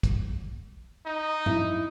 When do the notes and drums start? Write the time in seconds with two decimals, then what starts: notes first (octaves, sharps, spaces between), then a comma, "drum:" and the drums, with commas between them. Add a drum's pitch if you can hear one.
0.03 drum: kick, hi-hat
1.06 D#4
1.46 E4, drum: tom G#2